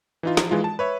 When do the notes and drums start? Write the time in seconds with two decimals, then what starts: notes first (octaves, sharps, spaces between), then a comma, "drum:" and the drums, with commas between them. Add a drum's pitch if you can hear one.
0.23 E3 D#4 F4
0.37 F3, drum: snare
0.51 E3 G#3 F4
0.64 A5
0.79 B4 C#5 E5